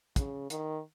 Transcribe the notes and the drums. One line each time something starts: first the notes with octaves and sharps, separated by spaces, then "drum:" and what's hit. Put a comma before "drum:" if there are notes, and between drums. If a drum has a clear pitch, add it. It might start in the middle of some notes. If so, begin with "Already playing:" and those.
C#3, drum: kick, hi-hat
D#3, drum: hi-hat